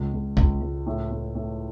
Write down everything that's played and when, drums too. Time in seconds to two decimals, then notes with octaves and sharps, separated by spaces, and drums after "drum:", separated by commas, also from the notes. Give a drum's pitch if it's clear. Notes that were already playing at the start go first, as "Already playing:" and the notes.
Already playing: C#2
0.13 C#2
0.37 C#2, drum: kick
0.61 C#2
0.87 A2
1.11 A2
1.35 A2